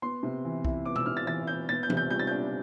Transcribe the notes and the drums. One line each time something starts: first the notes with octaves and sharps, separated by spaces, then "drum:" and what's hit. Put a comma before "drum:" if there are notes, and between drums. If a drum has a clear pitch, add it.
B3 C6
C3
E3
E4, drum: kick B1
B3 D6
E6, drum: tom B2
C3 F6
A6
E3 A6
E4 G6
B3 A6
G6
C3, drum: tom E3
G6
G3 G6
A6
D4 G6